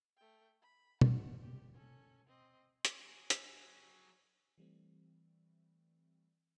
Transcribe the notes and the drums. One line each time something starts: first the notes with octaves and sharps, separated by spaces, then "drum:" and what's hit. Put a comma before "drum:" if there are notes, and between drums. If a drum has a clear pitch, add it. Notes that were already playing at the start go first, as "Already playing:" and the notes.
A3 G5
B5
F#5, drum: tom
G4
C#4 A4
C4 D#5
drum: hi-hat
F#3 G#4
drum: hi-hat
E3 G3 A3 C4